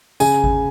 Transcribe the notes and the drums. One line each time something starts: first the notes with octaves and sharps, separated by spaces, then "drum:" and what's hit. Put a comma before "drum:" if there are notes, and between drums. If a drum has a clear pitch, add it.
C#3 G#5, drum: tambourine
drum: kick G#1